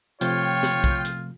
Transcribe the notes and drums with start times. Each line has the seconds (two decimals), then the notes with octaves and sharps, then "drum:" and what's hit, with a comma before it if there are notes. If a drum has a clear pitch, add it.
0.21 C3 F3 A3 F4 C#5 G5, drum: hi-hat
0.63 drum: snare
0.84 drum: kick B1
1.05 drum: hi-hat